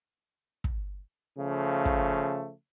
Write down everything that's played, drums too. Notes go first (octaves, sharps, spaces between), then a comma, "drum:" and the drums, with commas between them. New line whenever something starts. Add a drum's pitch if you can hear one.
drum: kick
C#3 F3 A3
drum: kick